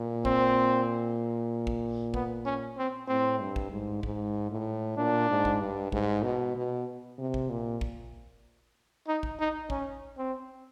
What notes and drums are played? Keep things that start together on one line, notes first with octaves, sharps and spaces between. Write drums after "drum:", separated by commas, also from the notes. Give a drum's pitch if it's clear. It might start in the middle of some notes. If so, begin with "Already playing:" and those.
Already playing: A#2
C4, drum: kick A1
drum: kick A1
B3, drum: kick A1
C#4
C4
A2 C4
G2
drum: kick A1
G#2
G#2, drum: kick A1
A2
A#2 D4
G#2
drum: kick A1
G2
G#2, drum: kick A1
B2
B2
C3
drum: kick A1
A#2
drum: kick A1
D#4
drum: kick A1
D#4
C#4, drum: kick A1
C4